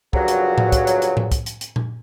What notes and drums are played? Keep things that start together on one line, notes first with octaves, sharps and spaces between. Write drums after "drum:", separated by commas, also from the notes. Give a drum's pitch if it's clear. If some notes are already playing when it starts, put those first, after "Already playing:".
G2 A#2 C#3 F3 F#3, drum: kick
drum: hi-hat
drum: tom A2
drum: kick, hi-hat
drum: hi-hat
drum: hi-hat
drum: tom A2
drum: kick, hi-hat
drum: hi-hat
drum: hi-hat
drum: tom A#2